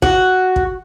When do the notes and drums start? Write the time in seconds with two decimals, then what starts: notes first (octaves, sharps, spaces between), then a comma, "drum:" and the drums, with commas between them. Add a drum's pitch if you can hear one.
0.02 F#4, drum: kick
0.56 drum: kick